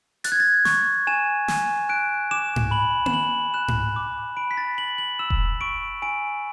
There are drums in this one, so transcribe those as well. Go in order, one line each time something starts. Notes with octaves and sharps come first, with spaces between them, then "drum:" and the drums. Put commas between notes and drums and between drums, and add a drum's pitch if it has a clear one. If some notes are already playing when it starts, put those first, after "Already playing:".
F#6 A6, drum: hi-hat
G#6
A6
C#6, drum: snare
G#5 E7
G#5, drum: snare
F#6 D7
D6 E7
drum: tom G#2
B5 F#7
E7, drum: tom A#3
B5 F#7
F#6 E7
drum: tom G#2
D6
B5 D7
B6
A6
B5 F#7
F#7
E6 E7
drum: kick E1
C#6 D7
G#5 D7